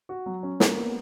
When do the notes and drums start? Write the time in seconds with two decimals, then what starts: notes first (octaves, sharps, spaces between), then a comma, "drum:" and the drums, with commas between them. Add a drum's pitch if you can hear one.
0.09 F#4
0.26 F#3
0.43 C#4
0.60 A#3, drum: snare
0.77 B3